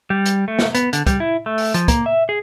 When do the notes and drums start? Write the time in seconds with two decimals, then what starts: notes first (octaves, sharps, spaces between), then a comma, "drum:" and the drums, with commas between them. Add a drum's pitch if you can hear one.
0.10 G3
0.26 drum: hi-hat
0.48 A3
0.59 drum: snare
0.75 B3, drum: hi-hat
0.93 D3, drum: hi-hat
1.07 G3, drum: kick, hi-hat
1.20 E4
1.46 A3
1.58 drum: open hi-hat
1.74 F3, drum: hi-hat
1.88 A#3, drum: kick, hi-hat
2.06 E5
2.29 G#4